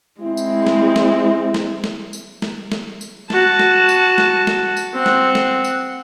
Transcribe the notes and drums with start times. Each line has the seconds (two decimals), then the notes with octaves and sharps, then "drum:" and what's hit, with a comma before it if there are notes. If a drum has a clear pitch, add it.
0.21 G#3 C4 E4
0.37 drum: tambourine
0.67 drum: snare
0.96 drum: snare
1.54 drum: snare
1.84 drum: snare
2.13 drum: tambourine
2.42 drum: snare
2.72 drum: snare
3.01 drum: tambourine
3.30 F#4 A5, drum: snare
3.59 drum: snare
3.89 drum: tambourine
4.18 drum: snare
4.47 drum: snare
4.77 drum: tambourine
4.94 C4 F#5
5.06 drum: snare
5.35 drum: snare
5.64 drum: tambourine